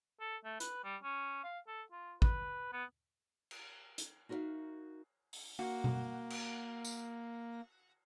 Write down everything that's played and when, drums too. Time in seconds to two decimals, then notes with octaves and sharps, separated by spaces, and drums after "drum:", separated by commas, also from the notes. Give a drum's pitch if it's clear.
0.20 A4
0.44 A3
0.60 B4, drum: hi-hat
0.84 G3
1.03 C#4
1.44 F5
1.67 A4
1.92 F4
2.22 B4, drum: kick
2.73 B3
3.51 drum: cymbal
3.98 drum: hi-hat
4.29 D#4 F#4 A#4 B4 E5 F5
5.33 drum: open hi-hat
5.59 A#3 F#4
5.84 drum: tom B2
6.30 drum: cymbal
6.85 drum: tambourine